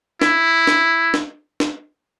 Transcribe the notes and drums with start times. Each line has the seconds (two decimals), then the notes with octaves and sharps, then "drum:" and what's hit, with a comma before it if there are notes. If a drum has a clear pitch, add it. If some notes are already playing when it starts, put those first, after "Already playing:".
0.22 E4, drum: snare
0.67 drum: snare
1.14 drum: snare
1.60 drum: snare